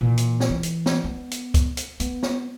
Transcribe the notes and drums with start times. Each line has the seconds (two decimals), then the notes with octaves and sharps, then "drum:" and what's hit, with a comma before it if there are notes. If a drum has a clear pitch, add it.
0.01 A#2 E3
0.18 drum: hi-hat
0.40 drum: snare
0.50 E3
0.63 drum: hi-hat
0.86 drum: snare
1.04 B3
1.31 drum: hi-hat
1.54 drum: kick, hi-hat
1.77 drum: hi-hat
2.00 B3, drum: hi-hat
2.23 drum: snare